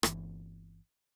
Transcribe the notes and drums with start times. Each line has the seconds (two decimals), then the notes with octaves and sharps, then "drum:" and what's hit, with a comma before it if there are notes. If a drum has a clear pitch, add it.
0.03 G1 E3, drum: rim click